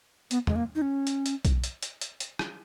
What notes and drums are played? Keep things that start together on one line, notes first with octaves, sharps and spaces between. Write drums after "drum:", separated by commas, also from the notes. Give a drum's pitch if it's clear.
B3, drum: hi-hat
G#3, drum: tom
A#3
D#4
C#4
drum: hi-hat
drum: hi-hat
drum: kick B1, hi-hat
drum: hi-hat
drum: hi-hat
drum: hi-hat
drum: hi-hat
drum: rim click